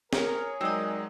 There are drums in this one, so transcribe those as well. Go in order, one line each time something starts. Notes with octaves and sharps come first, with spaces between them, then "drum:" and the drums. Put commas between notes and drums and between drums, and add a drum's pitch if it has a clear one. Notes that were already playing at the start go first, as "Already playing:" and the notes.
G#4 A#4 C#5, drum: snare
F#3 G#3 C4 D#4 A#4 D5 D#5